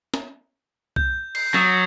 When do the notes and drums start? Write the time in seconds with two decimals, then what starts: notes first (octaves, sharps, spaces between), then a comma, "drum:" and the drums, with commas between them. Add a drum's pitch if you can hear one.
0.14 drum: snare
0.96 G6, drum: kick
1.35 C7, drum: cymbal
1.54 F#3 D#6 E6 A6, drum: snare